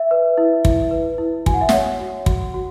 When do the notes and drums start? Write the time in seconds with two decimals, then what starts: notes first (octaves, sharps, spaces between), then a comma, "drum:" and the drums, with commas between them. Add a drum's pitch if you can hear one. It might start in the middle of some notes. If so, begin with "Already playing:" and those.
Already playing: E5
0.11 B4
0.38 E4
0.65 E4, drum: kick
0.91 B4
1.18 E4
1.46 F#4 G#5, drum: kick
1.54 F#5
1.61 E5
1.69 C#5 F#5, drum: snare
2.00 F#4
2.26 F#4, drum: kick
2.54 F#4